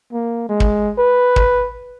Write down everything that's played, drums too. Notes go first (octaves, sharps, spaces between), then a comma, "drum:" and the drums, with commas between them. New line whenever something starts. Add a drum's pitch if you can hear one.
A#3
G#3
drum: kick
B4
drum: kick